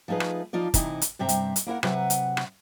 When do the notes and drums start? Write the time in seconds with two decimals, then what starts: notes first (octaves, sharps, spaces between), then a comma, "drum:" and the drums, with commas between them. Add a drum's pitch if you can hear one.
0.08 F3 A3 D#4 G#4 B4
0.20 drum: rim click
0.53 F3 D#4 F4 D5
0.74 C3 E3 D#4 E4, drum: kick, hi-hat
1.02 drum: hi-hat
1.19 G2 C3 C4 E5 A#5
1.29 drum: hi-hat
1.56 drum: hi-hat
1.66 A#3 E4 A#4 F#5
1.83 C3 F#3 B4 E5 F#5, drum: rim click
2.10 drum: hi-hat
2.37 drum: rim click